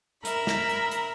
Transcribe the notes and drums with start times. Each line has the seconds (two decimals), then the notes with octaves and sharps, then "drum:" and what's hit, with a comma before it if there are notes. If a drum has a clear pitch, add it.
0.25 A#4 E5 A#5 B5, drum: hi-hat
0.47 drum: snare
0.69 drum: hi-hat
0.91 drum: hi-hat